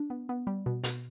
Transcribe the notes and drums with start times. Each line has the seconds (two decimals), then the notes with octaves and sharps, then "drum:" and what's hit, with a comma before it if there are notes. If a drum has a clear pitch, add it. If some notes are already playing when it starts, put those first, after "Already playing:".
Already playing: D4
0.10 B3
0.29 B3
0.47 G3
0.66 B2
0.84 B2, drum: hi-hat